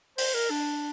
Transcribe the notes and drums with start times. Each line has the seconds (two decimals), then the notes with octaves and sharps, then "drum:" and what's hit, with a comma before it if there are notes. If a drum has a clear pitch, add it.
0.18 C5, drum: open hi-hat
0.34 A#4
0.50 D4